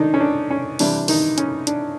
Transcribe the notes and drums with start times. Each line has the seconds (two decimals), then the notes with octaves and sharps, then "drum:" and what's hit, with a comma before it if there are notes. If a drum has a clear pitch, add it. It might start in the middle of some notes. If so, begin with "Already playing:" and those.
Already playing: D#3 D4 D#4
0.14 C#4
0.20 D4
0.50 C#4
0.79 C3 E3 G3 D4, drum: open hi-hat
1.08 D#3 D#4, drum: open hi-hat
1.38 C#4, drum: hi-hat
1.67 D4, drum: hi-hat